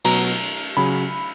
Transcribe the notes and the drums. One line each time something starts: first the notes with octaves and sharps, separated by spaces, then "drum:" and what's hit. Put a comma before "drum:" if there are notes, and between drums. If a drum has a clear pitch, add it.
B2 F#3 A#5, drum: cymbal
C#3 F#3 B5